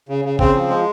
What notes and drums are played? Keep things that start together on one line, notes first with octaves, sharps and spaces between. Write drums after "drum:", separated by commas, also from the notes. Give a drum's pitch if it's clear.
C#3
C#3
C#3 C4, drum: kick G1
F3
G#3